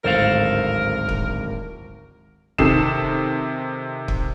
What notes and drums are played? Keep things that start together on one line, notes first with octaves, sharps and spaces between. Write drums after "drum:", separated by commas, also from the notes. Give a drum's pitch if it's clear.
D1 G#1 A4 A#4 C5 F5
drum: kick
C3 D#3 A4 D#6 C7 E7, drum: kick
drum: kick